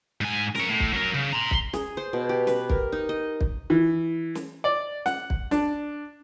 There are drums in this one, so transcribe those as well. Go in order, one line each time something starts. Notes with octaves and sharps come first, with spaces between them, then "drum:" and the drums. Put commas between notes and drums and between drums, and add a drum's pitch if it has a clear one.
G#2 G#5
A#4 C#5, drum: snare
A2
drum: kick
F#3 A#4
C#3
A#5 C6
drum: kick
G#4, drum: snare
C5
B2
G4
B4, drum: snare
A#4, drum: kick
D#4
D#5
drum: kick
E3
drum: snare
D5
F#5, drum: snare
drum: kick
D4, drum: snare